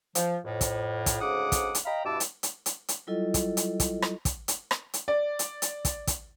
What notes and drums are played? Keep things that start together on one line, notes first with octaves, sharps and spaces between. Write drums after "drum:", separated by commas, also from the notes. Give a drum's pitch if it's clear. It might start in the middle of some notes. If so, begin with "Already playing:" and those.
F3, drum: hi-hat
F2 A2
drum: kick, hi-hat
drum: kick, hi-hat
D2 G#2 C#3 F#5 D6 D#6
drum: kick, hi-hat
drum: hi-hat
D#5 F5 G5 A#5 B5
G2 B2 E4 A5 D6 E6
drum: hi-hat
drum: hi-hat
drum: hi-hat
drum: hi-hat
F#3 G3 E4 F4 A4 D#5
drum: kick, hi-hat
drum: hi-hat
drum: kick, hi-hat
drum: rim click
drum: kick, hi-hat
drum: hi-hat
drum: rim click
drum: hi-hat
D5
drum: hi-hat
drum: hi-hat
drum: kick, hi-hat
drum: kick, hi-hat